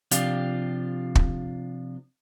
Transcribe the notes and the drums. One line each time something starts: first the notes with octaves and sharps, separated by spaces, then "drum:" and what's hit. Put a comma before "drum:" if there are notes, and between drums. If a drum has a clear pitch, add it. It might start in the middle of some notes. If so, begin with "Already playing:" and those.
C3 F3 D4 F4 G4, drum: hi-hat
drum: kick